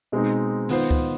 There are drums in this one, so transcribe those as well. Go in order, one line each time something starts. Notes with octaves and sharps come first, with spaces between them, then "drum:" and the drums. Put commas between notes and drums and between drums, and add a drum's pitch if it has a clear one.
B2 G#3 C4 D#4
D#3 B3 F4 C5, drum: open hi-hat
drum: kick C#2